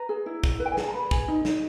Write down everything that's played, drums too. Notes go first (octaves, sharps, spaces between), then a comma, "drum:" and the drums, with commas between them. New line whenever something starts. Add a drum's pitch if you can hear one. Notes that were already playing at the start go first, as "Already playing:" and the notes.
Already playing: B4 A#5
G#4
E4
E4, drum: kick
B4
G5
G#5
G#4 A5, drum: snare
A#5
B4 B5
G#4, drum: kick
D#4
D#4, drum: snare